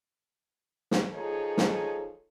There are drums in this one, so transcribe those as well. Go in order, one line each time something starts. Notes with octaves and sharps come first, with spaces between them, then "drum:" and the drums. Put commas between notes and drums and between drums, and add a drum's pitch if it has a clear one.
drum: snare
F3 D#4 G#4 A4 C#5
drum: snare